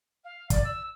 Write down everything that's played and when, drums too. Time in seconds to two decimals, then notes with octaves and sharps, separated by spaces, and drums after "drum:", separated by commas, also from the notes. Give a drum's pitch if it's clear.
0.24 F5
0.50 D5, drum: kick, hi-hat
0.64 E6